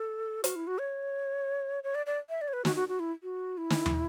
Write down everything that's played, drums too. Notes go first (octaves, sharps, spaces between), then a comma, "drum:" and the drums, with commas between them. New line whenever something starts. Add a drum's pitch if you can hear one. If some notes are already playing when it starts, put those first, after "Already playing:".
Already playing: A4
F#4, drum: hi-hat
E4
F#4
C#5
C#5
D5
D5
E5
D5
C#5
B4
F#4, drum: snare
F#4
F#4
E4
F#4
E4
drum: snare
drum: tom